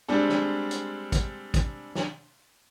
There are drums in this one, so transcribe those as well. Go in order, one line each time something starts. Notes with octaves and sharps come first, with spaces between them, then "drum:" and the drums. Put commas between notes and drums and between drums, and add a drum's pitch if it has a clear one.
G3 G#3 C4 D4 A4
drum: snare
drum: hi-hat
drum: kick, hi-hat
drum: kick, hi-hat
drum: snare